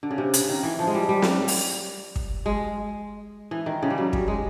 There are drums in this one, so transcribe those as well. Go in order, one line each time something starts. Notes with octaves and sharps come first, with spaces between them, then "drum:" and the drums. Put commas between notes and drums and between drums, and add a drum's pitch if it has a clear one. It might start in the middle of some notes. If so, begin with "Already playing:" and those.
D3
C#3
C3
C#3, drum: hi-hat
D#3
E3
F3
G#3
G3
G3
drum: snare
drum: open hi-hat
drum: kick
G#3
E3
D#3
C#3
G3
F#3
G3, drum: kick
G#3